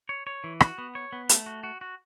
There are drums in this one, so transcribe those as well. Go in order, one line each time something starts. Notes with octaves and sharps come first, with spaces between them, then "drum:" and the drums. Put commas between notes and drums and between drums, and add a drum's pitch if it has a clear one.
C#5
C#5
E3
F#4, drum: rim click
B3
C#5
B3
A3, drum: hi-hat
F#4
F#4
F#4